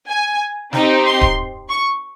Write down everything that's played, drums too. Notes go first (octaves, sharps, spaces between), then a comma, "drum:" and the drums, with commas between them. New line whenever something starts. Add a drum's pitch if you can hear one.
G#5
C4 D#4 G4, drum: snare
C6
drum: kick D1
C#6